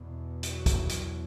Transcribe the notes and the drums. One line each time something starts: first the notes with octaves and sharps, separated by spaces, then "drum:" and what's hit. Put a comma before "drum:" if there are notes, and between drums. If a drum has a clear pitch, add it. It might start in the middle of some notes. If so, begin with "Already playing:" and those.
Already playing: E2 B2
F#3, drum: hi-hat
drum: kick, hi-hat
drum: hi-hat